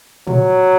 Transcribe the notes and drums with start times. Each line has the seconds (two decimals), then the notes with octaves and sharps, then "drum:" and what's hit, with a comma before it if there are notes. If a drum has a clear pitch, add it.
0.27 F#3, drum: tom